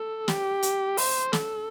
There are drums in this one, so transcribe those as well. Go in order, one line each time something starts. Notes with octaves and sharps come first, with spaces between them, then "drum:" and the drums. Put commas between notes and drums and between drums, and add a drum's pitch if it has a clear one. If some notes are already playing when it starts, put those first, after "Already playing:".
Already playing: A4
G4, drum: snare
drum: hi-hat
C5, drum: open hi-hat
A4, drum: snare